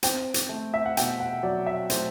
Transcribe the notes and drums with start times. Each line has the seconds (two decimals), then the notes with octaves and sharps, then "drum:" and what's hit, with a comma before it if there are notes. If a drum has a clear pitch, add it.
0.03 C4 G5, drum: hi-hat
0.34 drum: hi-hat
0.49 A3
0.74 E5
0.86 F#5
0.97 B2 G5, drum: hi-hat
1.20 F#5
1.43 F#3 D5
1.66 E5
1.90 A3 C5, drum: hi-hat